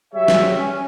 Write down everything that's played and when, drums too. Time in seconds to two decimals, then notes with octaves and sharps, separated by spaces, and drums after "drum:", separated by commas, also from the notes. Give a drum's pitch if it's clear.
0.14 F#3 G3 G4 G#4 C#5 E5
0.28 drum: snare
0.55 C#4